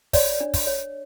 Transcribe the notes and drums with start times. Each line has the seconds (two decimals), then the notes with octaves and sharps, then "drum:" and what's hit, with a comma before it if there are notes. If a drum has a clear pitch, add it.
0.13 C#5 D5, drum: kick, open hi-hat
0.40 D4
0.54 drum: kick, open hi-hat
0.67 C#5